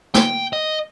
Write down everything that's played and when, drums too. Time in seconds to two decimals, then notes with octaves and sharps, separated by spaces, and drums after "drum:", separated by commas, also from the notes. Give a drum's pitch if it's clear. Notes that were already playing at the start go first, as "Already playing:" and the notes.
0.15 G5, drum: snare
0.53 D#5